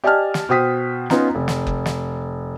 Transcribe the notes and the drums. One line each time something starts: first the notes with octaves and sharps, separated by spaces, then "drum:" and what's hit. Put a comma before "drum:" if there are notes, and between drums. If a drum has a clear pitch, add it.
G4 D5 D#5 G#5 A5 F6
drum: snare
B2 C5 G5 D#6 B6
B3 C#4 D#4 F4, drum: snare
F1
drum: snare
drum: kick F#1
drum: snare